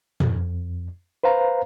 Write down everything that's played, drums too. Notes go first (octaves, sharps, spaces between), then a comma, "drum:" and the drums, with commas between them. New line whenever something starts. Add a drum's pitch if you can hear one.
F2, drum: tom
B4 C5 F5 A#5